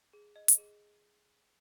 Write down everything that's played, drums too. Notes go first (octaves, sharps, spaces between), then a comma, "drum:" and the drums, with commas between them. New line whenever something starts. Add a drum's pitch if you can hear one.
G#4
D#5
drum: hi-hat
G#4